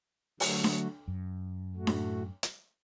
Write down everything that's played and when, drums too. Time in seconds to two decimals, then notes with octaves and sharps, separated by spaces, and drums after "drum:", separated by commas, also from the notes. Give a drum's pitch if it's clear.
0.40 D3 F#3 A3 F#4, drum: open hi-hat
0.64 drum: snare D4
1.08 F#2
1.75 A2 A3 F#4
1.87 drum: snare D4
2.43 drum: hi-hat